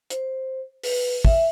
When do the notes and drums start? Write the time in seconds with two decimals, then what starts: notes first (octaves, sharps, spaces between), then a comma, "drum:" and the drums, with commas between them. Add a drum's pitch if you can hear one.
0.10 C5, drum: hi-hat
0.83 B4, drum: open hi-hat
1.25 E5, drum: kick